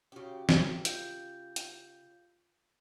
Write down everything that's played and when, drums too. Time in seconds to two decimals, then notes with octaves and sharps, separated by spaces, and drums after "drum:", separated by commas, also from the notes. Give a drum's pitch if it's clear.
0.12 C#3 C#4 F#4 G4
0.49 drum: snare
0.85 F4 F5 G6, drum: hi-hat
1.56 drum: hi-hat